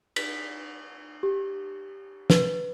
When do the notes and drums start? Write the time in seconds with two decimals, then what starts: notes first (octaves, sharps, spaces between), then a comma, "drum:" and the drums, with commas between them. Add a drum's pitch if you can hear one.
0.16 B6, drum: cymbal
1.23 G4
2.30 B4, drum: snare